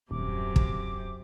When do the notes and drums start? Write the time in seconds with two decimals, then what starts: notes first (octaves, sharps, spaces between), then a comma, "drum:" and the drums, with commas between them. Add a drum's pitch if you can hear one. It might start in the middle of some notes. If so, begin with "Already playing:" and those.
0.11 D#1 F#2 C3 D6
0.56 drum: kick